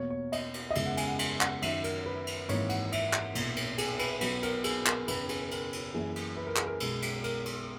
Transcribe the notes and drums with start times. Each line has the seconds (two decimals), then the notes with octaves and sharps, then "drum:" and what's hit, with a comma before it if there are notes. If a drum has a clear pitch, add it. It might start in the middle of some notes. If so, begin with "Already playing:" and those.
Already playing: E2 B2 A#3 C#5
0.10 C#5
0.32 D#5, drum: cymbal
0.54 drum: cymbal
0.71 D#5
0.75 F#1 E2 C#3 G#3 E5, drum: cymbal
0.86 F#5
0.97 G#5, drum: cymbal
1.08 F#5
1.19 G#5, drum: cymbal
1.41 F#5, drum: clap
1.62 F#2 D#3 F#3 E5, drum: cymbal
1.84 A#4, drum: cymbal
2.06 B4
2.27 drum: cymbal
2.49 G#1 G#2 E3 A#3 C#5, drum: cymbal
2.69 F#5, drum: cymbal
2.92 E5, drum: cymbal
3.13 drum: clap
3.35 B1 A#2 A#3, drum: cymbal
3.56 drum: cymbal
3.78 G#4, drum: cymbal
3.99 B4, drum: cymbal
4.21 B1 B2 F#3 B4, drum: cymbal
4.43 A#4, drum: cymbal
4.64 G#4, drum: cymbal
4.86 A#4, drum: clap
5.08 F#1 E2 C#3 B4, drum: cymbal
5.29 G#4, drum: cymbal
5.51 A#4, drum: cymbal
5.72 drum: cymbal
5.94 F#2 E3 A#3 G#4
6.16 drum: cymbal
6.37 B4
6.47 A#4
6.56 G#4, drum: clap
6.67 A#4
6.80 B1 B2 G#3, drum: cymbal
7.02 drum: cymbal
7.24 A#4, drum: cymbal
7.45 drum: cymbal